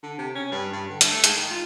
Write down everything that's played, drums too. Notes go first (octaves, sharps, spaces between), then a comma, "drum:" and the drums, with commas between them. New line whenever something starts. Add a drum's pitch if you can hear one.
D3
C3
C#4
G2
G2
D3
drum: hi-hat
A3
G#2, drum: hi-hat
D#3
F4